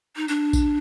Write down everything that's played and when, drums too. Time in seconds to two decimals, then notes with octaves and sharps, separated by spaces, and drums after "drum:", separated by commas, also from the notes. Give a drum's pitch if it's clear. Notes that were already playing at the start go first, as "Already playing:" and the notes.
0.16 D#4
0.28 D4, drum: tambourine
0.53 drum: kick A#1, tambourine